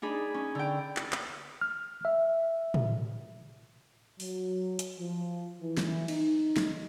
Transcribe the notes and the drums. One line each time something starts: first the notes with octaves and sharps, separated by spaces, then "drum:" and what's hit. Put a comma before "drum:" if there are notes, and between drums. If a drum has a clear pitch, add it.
D4 D#4 G#4 B5
C#4
D3 G5
drum: clap
drum: clap
F6
E5
drum: tom
F#3, drum: open hi-hat
drum: hi-hat
F3
E3
drum: snare
D#4, drum: cymbal
drum: snare